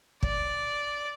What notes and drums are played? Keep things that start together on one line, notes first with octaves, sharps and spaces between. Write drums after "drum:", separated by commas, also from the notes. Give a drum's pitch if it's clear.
D5, drum: kick